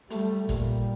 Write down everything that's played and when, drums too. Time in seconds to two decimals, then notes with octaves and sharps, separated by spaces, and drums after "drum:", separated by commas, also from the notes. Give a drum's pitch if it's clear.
0.10 G3 A3, drum: hi-hat
0.49 A#2 G3, drum: kick, hi-hat